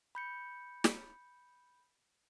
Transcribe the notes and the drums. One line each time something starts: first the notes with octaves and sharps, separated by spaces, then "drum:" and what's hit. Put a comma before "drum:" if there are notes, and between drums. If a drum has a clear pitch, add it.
B5 G6 C#7
drum: snare